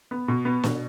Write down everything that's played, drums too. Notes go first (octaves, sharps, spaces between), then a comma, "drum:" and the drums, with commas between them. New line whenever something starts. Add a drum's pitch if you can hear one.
B3
B2
B3
B2, drum: snare